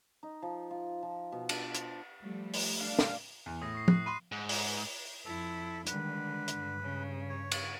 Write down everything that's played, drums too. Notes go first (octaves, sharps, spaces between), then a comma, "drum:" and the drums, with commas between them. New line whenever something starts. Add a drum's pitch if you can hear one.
D#4
F3
F4
F3
B2
D4, drum: cymbal
C5, drum: hi-hat
F3 G3 A3
drum: open hi-hat
D4 F5
drum: snare
E2
A2 D#6 A#6
C#6 C7
F#6 C7, drum: tom
B5 C6 C7 D#7
G#2
drum: open hi-hat
F2 E4 A4
D3 D#3 G3 G#3 B4, drum: hi-hat
G2, drum: hi-hat
C#3
C#5
drum: cymbal